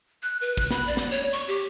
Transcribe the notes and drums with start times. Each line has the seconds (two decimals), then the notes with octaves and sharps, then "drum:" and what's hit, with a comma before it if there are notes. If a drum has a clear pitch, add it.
0.23 F#6
0.41 B4
0.57 F#6, drum: kick
0.71 B5, drum: snare
0.87 D5
0.97 drum: snare
1.11 C#5
1.33 C#6
1.48 G4